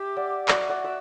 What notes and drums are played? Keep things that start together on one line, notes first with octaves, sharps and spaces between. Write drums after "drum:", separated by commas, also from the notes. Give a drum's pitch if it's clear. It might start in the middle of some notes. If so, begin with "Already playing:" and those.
Already playing: G4 E5
D5 F#5
F#4 D5 F#5, drum: clap
D5 F#5
E5